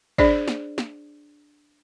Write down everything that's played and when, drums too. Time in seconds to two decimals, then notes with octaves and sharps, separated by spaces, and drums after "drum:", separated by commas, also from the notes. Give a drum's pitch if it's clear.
0.18 D4 G#4 C5 D5, drum: kick
0.48 drum: snare
0.78 drum: snare